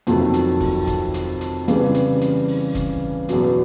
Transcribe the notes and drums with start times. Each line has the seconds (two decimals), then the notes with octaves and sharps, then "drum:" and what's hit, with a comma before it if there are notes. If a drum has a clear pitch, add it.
0.07 F2 C3 D#3 F#3 A3, drum: hi-hat
0.34 drum: hi-hat
0.60 drum: kick, open hi-hat
0.87 drum: kick, hi-hat
1.14 drum: hi-hat
1.41 drum: hi-hat
1.68 C#3 E3 G3 C4, drum: hi-hat
1.94 drum: hi-hat
2.21 drum: hi-hat
2.48 drum: open hi-hat
2.75 drum: kick, hi-hat
3.29 E2 B2 F#3, drum: hi-hat